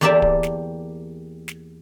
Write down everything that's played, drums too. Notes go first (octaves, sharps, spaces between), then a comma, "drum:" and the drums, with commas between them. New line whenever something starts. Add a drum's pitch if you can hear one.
E2 A#3 G4 D5 E5 A5
drum: kick D1
drum: snare
drum: snare